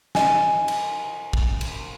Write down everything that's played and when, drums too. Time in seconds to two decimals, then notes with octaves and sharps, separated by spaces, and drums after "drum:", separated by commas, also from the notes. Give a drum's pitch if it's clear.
0.15 D#5 G#5, drum: snare
0.68 drum: cymbal
1.33 drum: kick
1.61 drum: cymbal